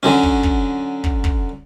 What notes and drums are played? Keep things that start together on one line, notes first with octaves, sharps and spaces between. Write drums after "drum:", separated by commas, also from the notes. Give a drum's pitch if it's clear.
D3 F#3 C#4
drum: kick
drum: kick
drum: kick
drum: kick